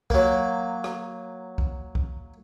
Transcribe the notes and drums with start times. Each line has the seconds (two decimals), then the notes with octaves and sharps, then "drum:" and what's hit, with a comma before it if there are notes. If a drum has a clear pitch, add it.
0.10 F#3 A#3, drum: kick C2
0.84 drum: rim click
1.58 drum: kick C2
1.95 drum: kick C2